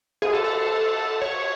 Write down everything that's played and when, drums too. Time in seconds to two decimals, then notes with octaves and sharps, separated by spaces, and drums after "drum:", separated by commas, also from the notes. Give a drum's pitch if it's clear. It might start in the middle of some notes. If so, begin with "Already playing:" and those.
0.22 G#4, drum: cymbal
0.33 A4
0.44 A4
1.22 C#5